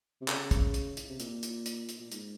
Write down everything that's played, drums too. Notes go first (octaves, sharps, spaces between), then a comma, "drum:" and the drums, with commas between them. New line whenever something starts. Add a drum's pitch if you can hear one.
C3
C#3, drum: clap
drum: kick, hi-hat
drum: hi-hat
drum: hi-hat
C3
A#2, drum: hi-hat
drum: hi-hat
drum: hi-hat
drum: hi-hat
A#2
G#2, drum: hi-hat